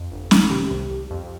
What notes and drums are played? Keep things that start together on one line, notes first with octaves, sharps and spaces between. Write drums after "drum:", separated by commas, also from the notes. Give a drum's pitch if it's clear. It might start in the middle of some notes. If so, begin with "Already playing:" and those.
Already playing: F2
G1
D#3, drum: snare C#4
C3 G4
C2
C2
F2